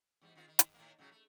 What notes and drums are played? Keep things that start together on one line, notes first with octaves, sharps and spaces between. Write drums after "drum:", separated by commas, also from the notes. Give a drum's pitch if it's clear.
E2 G#2 G3
D#3 C4 F4
D#3
drum: hi-hat
A2 D#3 A#3
A2 C#3 F#3
A3